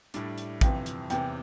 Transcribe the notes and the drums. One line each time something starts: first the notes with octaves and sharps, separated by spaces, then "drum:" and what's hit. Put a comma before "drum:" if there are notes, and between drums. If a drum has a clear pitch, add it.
A2 G3 D4, drum: hi-hat
drum: hi-hat
G1 F2 C3 E3 G5, drum: kick, hi-hat
drum: hi-hat
E2 C3 E3 G5, drum: hi-hat